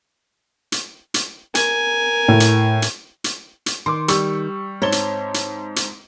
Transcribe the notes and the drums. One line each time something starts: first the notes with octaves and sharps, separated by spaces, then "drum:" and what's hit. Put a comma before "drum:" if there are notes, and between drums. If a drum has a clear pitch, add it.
drum: hi-hat
drum: hi-hat
A#4 G#5, drum: hi-hat
A2
drum: hi-hat
drum: hi-hat
drum: hi-hat
drum: hi-hat
D#3 C6 D6
G3 C#6 E6, drum: hi-hat
G#2 C4 C#5 E5 A5 G7
drum: hi-hat
drum: hi-hat
drum: hi-hat